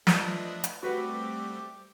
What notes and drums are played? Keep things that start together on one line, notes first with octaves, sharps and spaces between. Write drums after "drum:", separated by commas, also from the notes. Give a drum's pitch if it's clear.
F3 A3 D4 B4 D#5, drum: snare
drum: hi-hat
G3 A3 C4 F#4 G4 B4 D6